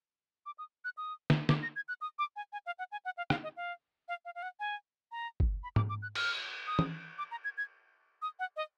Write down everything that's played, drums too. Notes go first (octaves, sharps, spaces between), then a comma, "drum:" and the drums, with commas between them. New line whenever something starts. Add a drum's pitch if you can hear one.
D6
D#6
F#6
D#6
drum: snare
D6, drum: snare
A#6
G#6
F#6
D#6
D6
G#5
G#5
F5
F#5
G#5
F#5
F5
F5, drum: rim click
D#5
F5
F5
F5
F5
F#5
G#5
A#5
drum: kick
B5
D6, drum: tom G#2
D6
F#6
F6, drum: cymbal
D#6
drum: tom E3
D6
A#5
G#6
G#6
D#6
F#5
D#5